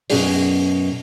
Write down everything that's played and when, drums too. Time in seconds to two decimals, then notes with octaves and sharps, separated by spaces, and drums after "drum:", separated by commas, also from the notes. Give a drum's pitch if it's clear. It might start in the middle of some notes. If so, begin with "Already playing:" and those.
0.10 F#2 B2 C#4 D#4 G#4 D5, drum: open hi-hat